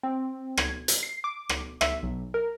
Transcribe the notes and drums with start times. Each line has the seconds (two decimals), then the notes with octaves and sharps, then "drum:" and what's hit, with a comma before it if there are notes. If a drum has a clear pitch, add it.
0.03 C4
0.57 G#6, drum: rim click
0.88 drum: hi-hat
1.03 C7
1.24 D6
1.49 drum: rim click
1.81 E5, drum: rim click
2.03 B1
2.34 A#4